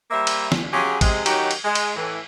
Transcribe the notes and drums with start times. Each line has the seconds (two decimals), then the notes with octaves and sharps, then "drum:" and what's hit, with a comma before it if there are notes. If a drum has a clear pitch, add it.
0.11 G3 A#3 C5 E5
0.27 drum: cymbal
0.52 drum: snare
0.73 F#3 C#4 F4 G4 G#4
1.01 C3 G#3, drum: kick A1, cymbal
1.26 D#3 F#3 C#4 D#4 F#4 G4, drum: cymbal
1.51 drum: cymbal
1.65 G#3
1.75 drum: cymbal
1.95 A2 E3